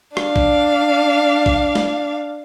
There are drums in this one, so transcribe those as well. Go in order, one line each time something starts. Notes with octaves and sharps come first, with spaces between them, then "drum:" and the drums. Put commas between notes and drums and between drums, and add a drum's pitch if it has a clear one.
D4 F5, drum: rim click
drum: kick A1
drum: kick A1
drum: snare